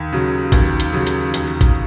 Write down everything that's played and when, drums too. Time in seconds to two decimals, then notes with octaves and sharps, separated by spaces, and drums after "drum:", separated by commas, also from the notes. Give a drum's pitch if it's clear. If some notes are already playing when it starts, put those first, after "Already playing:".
Already playing: D#2
0.13 C#3 F#3
0.52 D#2, drum: kick A1, hi-hat
0.80 drum: hi-hat
0.93 C#3 F#3
1.07 drum: hi-hat
1.34 D#2, drum: hi-hat
1.61 drum: kick A1, hi-hat